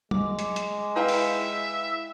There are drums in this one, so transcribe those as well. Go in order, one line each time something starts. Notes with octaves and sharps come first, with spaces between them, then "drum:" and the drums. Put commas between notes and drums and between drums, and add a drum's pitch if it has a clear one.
G#3 D6, drum: tom
drum: hi-hat
drum: hi-hat
E4 B4 E5 F5 G5
drum: open hi-hat